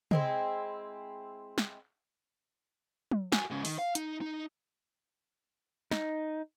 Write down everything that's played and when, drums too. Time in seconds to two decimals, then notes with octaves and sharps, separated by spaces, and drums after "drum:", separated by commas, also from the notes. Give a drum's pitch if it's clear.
0.11 G#3 C4 E4, drum: tom
1.58 drum: snare
3.12 drum: tom
3.32 F#4 G#5, drum: snare
3.50 G#2 C#3
3.65 D#3, drum: open hi-hat
3.79 F5
3.95 D#4, drum: hi-hat
4.21 D#4
5.91 D#4, drum: snare